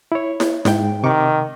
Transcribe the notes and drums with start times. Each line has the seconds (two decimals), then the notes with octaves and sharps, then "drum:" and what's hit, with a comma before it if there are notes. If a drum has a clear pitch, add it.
0.12 E4 C#5
0.40 drum: snare E4
0.65 G#2 G5, drum: snare E4
1.04 C3 D#3 C#6 D6